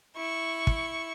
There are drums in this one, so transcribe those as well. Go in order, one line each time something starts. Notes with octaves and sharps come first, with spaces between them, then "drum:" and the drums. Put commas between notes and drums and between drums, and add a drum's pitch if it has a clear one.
E4 C#6
drum: kick